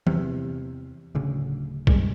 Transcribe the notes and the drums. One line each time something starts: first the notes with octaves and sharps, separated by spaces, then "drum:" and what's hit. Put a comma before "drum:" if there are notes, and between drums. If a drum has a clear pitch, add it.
E2 C3, drum: tom
D1 D2 C#3
F#2 A#2 G3 G#3, drum: kick